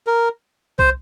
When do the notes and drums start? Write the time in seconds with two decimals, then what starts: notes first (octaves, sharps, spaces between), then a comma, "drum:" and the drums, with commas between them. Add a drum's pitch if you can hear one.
0.07 A#4
0.79 C5, drum: kick C2